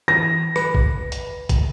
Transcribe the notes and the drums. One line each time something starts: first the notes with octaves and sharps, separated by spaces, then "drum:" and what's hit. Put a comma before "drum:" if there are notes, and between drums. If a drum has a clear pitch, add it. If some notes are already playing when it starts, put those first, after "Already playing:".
E3 A#6
B4, drum: rim click
drum: kick
drum: hi-hat
drum: kick, hi-hat